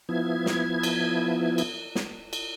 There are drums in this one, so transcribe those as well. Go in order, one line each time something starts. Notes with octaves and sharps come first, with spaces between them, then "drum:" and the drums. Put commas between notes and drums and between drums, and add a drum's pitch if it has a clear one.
F3 B3 E4 G#6
drum: snare
drum: cymbal
drum: cymbal
drum: snare
drum: cymbal